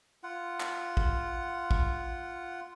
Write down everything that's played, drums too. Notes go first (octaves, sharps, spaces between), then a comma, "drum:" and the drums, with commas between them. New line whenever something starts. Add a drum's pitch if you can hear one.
F4 F#5
drum: clap
drum: kick
drum: kick